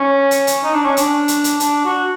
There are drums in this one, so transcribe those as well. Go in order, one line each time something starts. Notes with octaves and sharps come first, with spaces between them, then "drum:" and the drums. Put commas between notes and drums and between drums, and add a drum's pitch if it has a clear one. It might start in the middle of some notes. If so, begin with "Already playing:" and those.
Already playing: C#4
drum: hi-hat
drum: hi-hat
D#4
D4
C#4
D4, drum: hi-hat
drum: hi-hat
drum: hi-hat
D4, drum: hi-hat
F#4